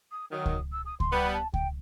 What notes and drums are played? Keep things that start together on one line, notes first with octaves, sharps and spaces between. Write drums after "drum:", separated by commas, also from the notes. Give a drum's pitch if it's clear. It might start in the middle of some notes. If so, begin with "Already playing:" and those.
D#6
D#3 F#3 D#6
drum: kick C#2
E6
D#6
C6, drum: kick C#2
G3 B3 B5
A5
G5, drum: kick C#2